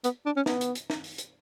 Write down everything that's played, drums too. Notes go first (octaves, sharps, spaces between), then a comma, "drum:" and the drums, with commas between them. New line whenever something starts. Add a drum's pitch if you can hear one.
B3, drum: hi-hat
D4
C#4
B3, drum: snare
drum: hi-hat
drum: hi-hat
drum: snare
drum: open hi-hat
drum: hi-hat